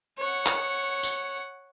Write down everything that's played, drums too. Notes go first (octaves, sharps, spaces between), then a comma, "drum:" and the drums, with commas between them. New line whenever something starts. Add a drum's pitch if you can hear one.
C#5 F#5
drum: clap
drum: tambourine